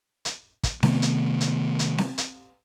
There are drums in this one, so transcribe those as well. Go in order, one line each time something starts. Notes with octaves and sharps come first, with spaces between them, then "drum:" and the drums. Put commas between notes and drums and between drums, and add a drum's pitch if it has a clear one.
drum: hi-hat
drum: kick, hi-hat
C3 D#3 A3 B3, drum: snare C4
drum: hi-hat
drum: hi-hat
drum: hi-hat
drum: snare C4
drum: hi-hat